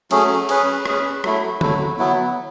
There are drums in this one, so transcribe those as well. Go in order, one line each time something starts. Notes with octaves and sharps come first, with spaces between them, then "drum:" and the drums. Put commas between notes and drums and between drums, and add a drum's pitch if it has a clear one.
F#3 A3 C#4 G#4, drum: cymbal
C#4 G#4 B4, drum: cymbal
C#4 G#4 B4, drum: rim click
F#3 A3 E4, drum: rim click
F#3 A3 E4, drum: tom D3
F#3 B3 E4